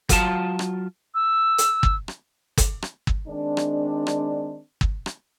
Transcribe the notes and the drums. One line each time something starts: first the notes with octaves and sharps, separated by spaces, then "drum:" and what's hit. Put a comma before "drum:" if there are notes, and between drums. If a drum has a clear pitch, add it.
F#3 F4 A5, drum: kick, hi-hat
drum: rim click
E6
drum: hi-hat
drum: kick
drum: rim click
drum: kick, hi-hat
drum: rim click
drum: kick
D#3 G#3 C4 D4
drum: rim click
drum: rim click
drum: kick
drum: rim click